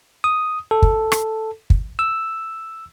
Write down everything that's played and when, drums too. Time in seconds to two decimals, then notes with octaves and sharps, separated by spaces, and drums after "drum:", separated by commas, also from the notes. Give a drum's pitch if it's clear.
0.24 D#6
0.71 A4
0.82 drum: kick
1.12 drum: rim click
1.70 drum: kick
1.99 E6